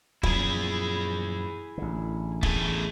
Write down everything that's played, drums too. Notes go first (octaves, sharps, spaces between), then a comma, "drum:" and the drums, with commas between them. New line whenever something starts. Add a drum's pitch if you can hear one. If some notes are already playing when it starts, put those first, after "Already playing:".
F#2 A#2 F3 E4 G#4, drum: kick
A1 D3
A3 G#4, drum: kick